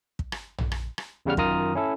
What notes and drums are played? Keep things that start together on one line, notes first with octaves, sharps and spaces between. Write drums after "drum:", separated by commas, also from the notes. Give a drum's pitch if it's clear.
drum: kick
drum: rim click
drum: tom A#1
drum: rim click
drum: rim click
E2 C#3 G3 F#5 F6
F#2 D#3 F4 A#5 D#6 F6, drum: kick
C#4 E4 A4